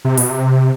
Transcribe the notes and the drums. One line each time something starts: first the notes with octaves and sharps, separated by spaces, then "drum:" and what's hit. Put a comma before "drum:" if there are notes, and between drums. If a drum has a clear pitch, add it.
C3
B2, drum: open hi-hat
C3